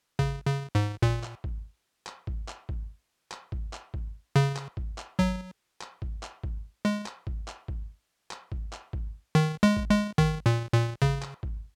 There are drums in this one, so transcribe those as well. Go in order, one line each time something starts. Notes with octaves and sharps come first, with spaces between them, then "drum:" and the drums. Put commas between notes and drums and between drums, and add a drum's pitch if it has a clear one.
C#3, drum: kick
C#3
G#2
A#2, drum: kick
drum: clap
drum: kick
drum: clap
drum: kick
drum: clap
drum: kick
drum: clap
drum: kick
drum: clap
drum: kick
C#3
drum: clap
drum: kick
drum: clap
F#3, drum: kick
drum: clap
drum: kick
drum: clap
drum: kick
G#3
drum: clap
drum: kick
drum: clap
drum: kick
drum: clap
drum: kick
drum: clap
drum: kick
D#3
G#3
drum: kick
G#3
D#3, drum: kick
A#2
A#2
C#3, drum: kick
drum: clap
drum: kick